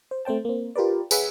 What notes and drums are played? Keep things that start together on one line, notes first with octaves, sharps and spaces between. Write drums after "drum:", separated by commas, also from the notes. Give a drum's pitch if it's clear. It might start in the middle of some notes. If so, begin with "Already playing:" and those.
C5
A3 C4 C5 G5 A5
A#3 C4
F4 G4 A#4 B4 D5
G#4 B4 C#5 E5 F#5, drum: tambourine